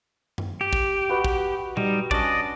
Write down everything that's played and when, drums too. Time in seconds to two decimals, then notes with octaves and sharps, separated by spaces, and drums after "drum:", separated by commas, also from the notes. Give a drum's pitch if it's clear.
0.38 drum: tom F#2
0.61 G4
0.73 drum: kick
1.09 F#4 B4 D#5
1.24 drum: kick
1.77 G3 D#4 D#5 D#6, drum: tom A#2
2.11 C#4 D4 D5 D#5 G#5, drum: kick